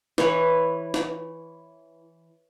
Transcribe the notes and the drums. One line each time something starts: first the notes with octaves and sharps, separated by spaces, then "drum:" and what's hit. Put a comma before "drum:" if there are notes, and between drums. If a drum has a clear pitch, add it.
E3 E4 B4 C#5, drum: snare
drum: snare